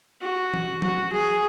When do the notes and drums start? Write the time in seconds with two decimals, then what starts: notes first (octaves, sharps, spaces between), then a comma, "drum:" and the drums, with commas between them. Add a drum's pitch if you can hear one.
0.22 F#4
0.54 drum: tom E3
0.82 F#4, drum: tom F3
1.12 G#4